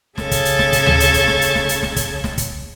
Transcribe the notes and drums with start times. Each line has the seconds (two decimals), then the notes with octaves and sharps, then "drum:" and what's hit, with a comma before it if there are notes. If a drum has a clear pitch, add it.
0.18 C#3 A4 G#6, drum: snare
0.31 drum: kick, hi-hat
0.45 drum: hi-hat
0.59 drum: snare
0.73 drum: kick, hi-hat
0.86 drum: tom D2
1.00 drum: hi-hat
1.14 drum: kick, hi-hat
1.28 drum: snare
1.41 drum: hi-hat
1.55 drum: snare
1.69 drum: hi-hat
1.83 drum: snare
1.96 drum: kick, hi-hat
2.24 drum: snare
2.38 drum: kick, hi-hat